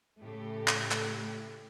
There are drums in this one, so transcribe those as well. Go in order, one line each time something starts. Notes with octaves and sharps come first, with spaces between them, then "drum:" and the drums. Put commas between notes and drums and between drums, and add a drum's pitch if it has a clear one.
A2 C#3 A3 G4
drum: clap
drum: clap